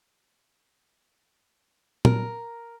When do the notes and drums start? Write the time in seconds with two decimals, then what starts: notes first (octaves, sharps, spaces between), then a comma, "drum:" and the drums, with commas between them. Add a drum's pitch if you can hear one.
2.05 A#4, drum: tom A#2